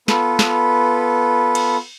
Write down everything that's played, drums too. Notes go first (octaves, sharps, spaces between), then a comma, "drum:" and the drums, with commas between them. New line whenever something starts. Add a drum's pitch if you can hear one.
B3 F4 A4 B4, drum: snare
drum: snare
drum: cymbal